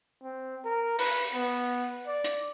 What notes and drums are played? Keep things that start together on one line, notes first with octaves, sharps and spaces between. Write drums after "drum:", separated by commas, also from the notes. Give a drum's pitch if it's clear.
C4
A#4
B4, drum: open hi-hat
B3
D5
drum: hi-hat